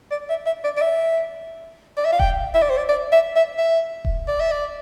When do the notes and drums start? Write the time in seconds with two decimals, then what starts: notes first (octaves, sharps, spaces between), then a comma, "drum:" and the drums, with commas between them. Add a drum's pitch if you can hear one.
0.11 D5
0.29 E5
0.46 E5
0.64 D5
0.77 D5
0.82 E5
1.97 D5
2.05 E5
2.12 F5
2.20 G5, drum: kick D#1
2.54 E5
2.62 D5
2.70 C5
2.78 D5
2.89 D5
3.12 E5
3.36 E5
3.58 E5
4.05 drum: kick D#1
4.28 D5
4.40 E5
4.52 D5